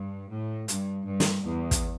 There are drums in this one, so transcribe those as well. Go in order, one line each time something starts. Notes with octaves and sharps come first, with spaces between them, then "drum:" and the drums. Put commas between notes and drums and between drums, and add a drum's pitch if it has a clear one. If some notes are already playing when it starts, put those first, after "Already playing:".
Already playing: G2
A2
G2, drum: hi-hat
G2
drum: snare
E2
drum: kick, hi-hat